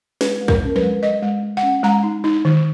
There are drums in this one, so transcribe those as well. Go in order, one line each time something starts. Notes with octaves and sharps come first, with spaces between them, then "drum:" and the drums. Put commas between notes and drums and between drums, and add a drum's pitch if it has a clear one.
G#3 B4, drum: snare
G#3
A#4, drum: kick
C#4
B4, drum: tom F3
G#3
G#3 D#5
G#3
G#3
F#5
C#4
G#3 A#5
D#4
D#4
D#3